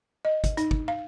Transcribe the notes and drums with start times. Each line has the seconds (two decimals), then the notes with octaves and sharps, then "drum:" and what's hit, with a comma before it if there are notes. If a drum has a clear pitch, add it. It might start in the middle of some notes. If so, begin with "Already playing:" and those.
0.25 D#5
0.44 drum: kick G1, hi-hat
0.57 D#4, drum: hi-hat
0.71 drum: kick G1
0.88 F5